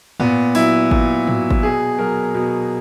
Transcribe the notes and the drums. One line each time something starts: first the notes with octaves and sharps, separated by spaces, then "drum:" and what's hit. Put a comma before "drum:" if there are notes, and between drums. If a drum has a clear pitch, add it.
A#2 B3, drum: tom G#2
F#3 E4, drum: open hi-hat
A#2, drum: kick G#1
F#3, drum: tom G#2
drum: kick G#1
B2 G#4
F#3 A#4
B2